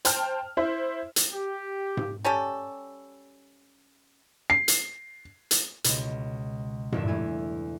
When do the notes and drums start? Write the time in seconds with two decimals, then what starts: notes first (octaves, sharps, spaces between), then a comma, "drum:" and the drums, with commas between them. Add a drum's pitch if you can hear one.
0.05 C5 G5 A5 F6, drum: hi-hat
0.57 E4 C5 E5
1.16 drum: hi-hat
1.32 G4
1.97 drum: tom G#2
2.25 G3 C#4 G4 A4
4.50 C7
4.68 drum: hi-hat
5.51 drum: hi-hat
5.84 C#2 B2, drum: hi-hat
6.92 A1 E2 G2 A#2 D4 E5, drum: tom G#2
7.08 E2 A3 G#5